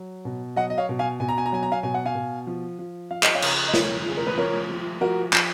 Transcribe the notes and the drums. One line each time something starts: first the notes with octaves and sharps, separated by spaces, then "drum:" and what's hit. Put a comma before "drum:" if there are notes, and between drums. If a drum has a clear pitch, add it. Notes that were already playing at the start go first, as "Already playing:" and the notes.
Already playing: F#3
B2
F#3 D#5 F#5
D#5
C#5 F5
B2
F5 G#5
B2 G#5
A#5
G#5
A#5
F#3 G#5
A#5
F5 G#5
B2 G#5
F#5
F5 G#5
B2
F3
F3
F3 F5
D#5, drum: clap
C#5 F5
C#3, drum: cymbal
D#5
F3 A#4 C#5, drum: snare
C#3 G#4
A#4
B4
F3 A#4 C#5
F3
F3 F#4 A#4
F3, drum: clap